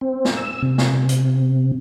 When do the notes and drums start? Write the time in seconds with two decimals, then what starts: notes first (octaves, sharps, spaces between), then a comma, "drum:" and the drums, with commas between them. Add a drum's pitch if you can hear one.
0.01 C4
0.25 drum: snare
0.36 E6
0.62 C3
0.78 drum: snare
1.09 drum: hi-hat